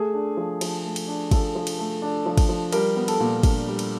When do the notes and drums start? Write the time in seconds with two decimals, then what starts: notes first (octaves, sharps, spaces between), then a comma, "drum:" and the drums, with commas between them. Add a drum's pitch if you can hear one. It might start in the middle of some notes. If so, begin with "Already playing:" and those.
Already playing: A3 G#4
0.14 D4
0.37 F3
0.61 F3, drum: cymbal
0.84 A3
0.96 drum: cymbal
1.08 D4
1.31 F3 A4, drum: kick, cymbal
1.55 F3
1.67 drum: cymbal
1.78 A3
2.02 D4
2.26 F3
2.37 drum: kick, cymbal
2.49 F3
2.72 G3 A#4, drum: cymbal
2.97 B3
3.08 A4, drum: cymbal
3.20 A#2
3.43 D4, drum: kick, cymbal
3.67 G3
3.79 drum: cymbal